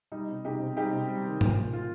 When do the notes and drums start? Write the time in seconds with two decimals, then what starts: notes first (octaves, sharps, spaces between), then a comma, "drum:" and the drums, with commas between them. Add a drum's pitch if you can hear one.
0.12 G3 D#4
0.29 C3
0.45 C3 D#4 G4
0.60 C3
0.77 G3 D#4 G4
0.92 C3
1.08 G3
1.25 D#3
1.41 A#2, drum: tom G#2
1.56 A#2
1.72 A#2 F4